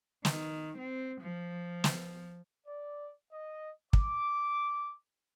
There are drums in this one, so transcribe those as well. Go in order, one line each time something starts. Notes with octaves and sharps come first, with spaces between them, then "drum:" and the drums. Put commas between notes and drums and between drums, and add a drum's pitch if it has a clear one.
D#3, drum: snare
C4
F3
drum: snare
D5
D#5
D6, drum: kick